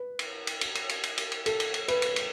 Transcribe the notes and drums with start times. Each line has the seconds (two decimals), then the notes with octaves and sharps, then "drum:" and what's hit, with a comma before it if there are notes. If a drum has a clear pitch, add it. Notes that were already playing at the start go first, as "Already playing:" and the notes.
Already playing: B4
0.19 drum: cymbal
0.47 drum: cymbal
0.61 drum: cymbal
0.75 drum: cymbal
0.89 drum: cymbal
1.03 drum: cymbal
1.18 drum: cymbal
1.32 drum: cymbal
1.46 A4, drum: cymbal
1.60 drum: cymbal
1.74 drum: cymbal
1.88 B4, drum: cymbal
2.02 drum: cymbal
2.16 drum: cymbal